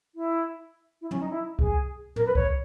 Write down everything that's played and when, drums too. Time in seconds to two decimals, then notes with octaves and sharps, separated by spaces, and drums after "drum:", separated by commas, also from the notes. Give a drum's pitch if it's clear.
0.15 E4
1.01 E4
1.11 C#4, drum: tom
1.21 D#4
1.30 E4
1.59 G#4, drum: kick C2
2.16 A#4, drum: tom
2.26 B4
2.35 C#5, drum: kick C2